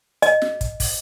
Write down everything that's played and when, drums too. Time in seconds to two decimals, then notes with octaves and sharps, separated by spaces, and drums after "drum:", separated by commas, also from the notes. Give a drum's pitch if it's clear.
0.22 D#5, drum: hi-hat
0.42 drum: snare
0.61 drum: kick, hi-hat
0.80 drum: kick, open hi-hat